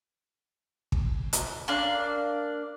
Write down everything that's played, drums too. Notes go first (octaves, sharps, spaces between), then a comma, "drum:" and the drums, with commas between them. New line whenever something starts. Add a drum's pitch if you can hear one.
drum: kick
drum: hi-hat
A#3 D4 D5 F5